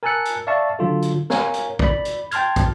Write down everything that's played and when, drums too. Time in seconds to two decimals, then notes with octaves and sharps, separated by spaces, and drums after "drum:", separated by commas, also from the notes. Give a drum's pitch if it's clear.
0.03 A#4 G#5 A5 E6 F#6 C#7
0.25 drum: hi-hat
0.47 D5 E5 F5 A5 C#6
0.79 D3 F#3 F4 A4
1.02 drum: hi-hat
1.30 A#4 C#5 F5 G#5, drum: snare
1.54 drum: hi-hat
1.79 D5 B5, drum: kick
2.05 drum: hi-hat
2.31 G5 A5 C6 F6 G#6, drum: hi-hat
2.56 drum: kick, hi-hat